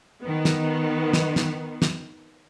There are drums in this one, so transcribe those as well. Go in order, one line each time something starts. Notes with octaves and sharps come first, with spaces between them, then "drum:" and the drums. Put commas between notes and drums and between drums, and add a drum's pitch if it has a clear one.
D#3 B3
drum: snare
drum: snare
drum: snare
drum: snare